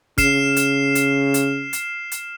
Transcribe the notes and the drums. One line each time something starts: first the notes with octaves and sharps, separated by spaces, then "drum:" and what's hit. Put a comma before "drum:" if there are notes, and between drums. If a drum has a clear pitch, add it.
C#3 F6 C7 E7, drum: kick, hi-hat
drum: hi-hat
drum: hi-hat
drum: hi-hat
drum: hi-hat
drum: hi-hat